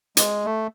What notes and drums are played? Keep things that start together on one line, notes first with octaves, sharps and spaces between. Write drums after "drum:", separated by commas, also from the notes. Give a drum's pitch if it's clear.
G#3, drum: hi-hat
A3